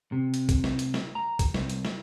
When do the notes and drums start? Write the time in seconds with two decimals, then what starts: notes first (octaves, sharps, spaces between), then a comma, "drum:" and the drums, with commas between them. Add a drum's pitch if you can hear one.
0.12 C3
0.34 drum: hi-hat
0.49 drum: kick B1, hi-hat
0.64 drum: snare
0.79 drum: hi-hat
0.94 drum: snare
1.15 A#5
1.39 drum: kick B1, hi-hat
1.54 C2, drum: snare
1.69 drum: hi-hat
1.85 drum: snare